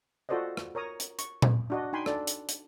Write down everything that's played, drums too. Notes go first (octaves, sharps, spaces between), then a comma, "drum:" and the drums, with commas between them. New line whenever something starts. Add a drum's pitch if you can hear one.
F4 F#4 A4 C5 D5 D#5
drum: rim click
A#4 C#5 A#5 D#6
drum: hi-hat
C#6, drum: hi-hat
drum: tom A#2
D4 F#4 D#5
D#4 G5 G#5 B5 C6
D4 A4 D5, drum: rim click
drum: hi-hat
drum: hi-hat